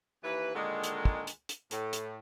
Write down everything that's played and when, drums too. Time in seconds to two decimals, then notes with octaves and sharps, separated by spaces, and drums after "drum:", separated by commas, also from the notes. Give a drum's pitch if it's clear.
0.24 D#2 E3 B4
0.55 A#2 D3 D#3 G#3
0.84 drum: hi-hat
1.05 drum: kick
1.27 drum: hi-hat
1.49 drum: hi-hat
1.71 A2, drum: hi-hat
1.93 drum: hi-hat